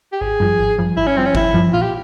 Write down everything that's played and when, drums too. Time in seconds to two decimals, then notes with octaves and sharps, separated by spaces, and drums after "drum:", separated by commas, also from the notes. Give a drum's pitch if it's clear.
0.12 G4
0.21 G#1 G#4
0.40 G2 F3
0.59 G#1
0.79 G2 F3
0.97 G#1 E4
1.07 C#4
1.16 G2 F3 C4
1.25 C#4
1.35 G#1 E4, drum: kick G1
1.54 G2 F3
1.73 A#2 F4
1.82 G4